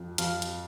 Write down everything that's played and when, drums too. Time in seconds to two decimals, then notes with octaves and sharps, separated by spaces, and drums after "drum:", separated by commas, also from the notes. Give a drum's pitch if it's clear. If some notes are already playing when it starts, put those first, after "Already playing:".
Already playing: F2
0.18 F2 F5, drum: hi-hat
0.42 drum: hi-hat